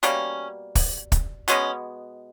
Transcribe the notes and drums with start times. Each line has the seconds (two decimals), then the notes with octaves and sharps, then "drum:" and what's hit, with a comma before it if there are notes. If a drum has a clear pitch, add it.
0.03 B2 G3 A#3 C#4, drum: hi-hat
0.75 drum: kick, open hi-hat
1.12 drum: kick, hi-hat
1.48 B2 G#3 B3 C#4, drum: hi-hat